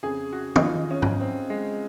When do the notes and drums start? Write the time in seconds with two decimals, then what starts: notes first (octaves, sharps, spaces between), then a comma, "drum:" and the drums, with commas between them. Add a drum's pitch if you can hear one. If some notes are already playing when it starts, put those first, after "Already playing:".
0.03 F2 C#3 G#4
0.32 F#4
0.56 D#4, drum: tom
0.62 F4
0.91 C#4
1.02 drum: tom G#2
1.21 C4
1.50 G#3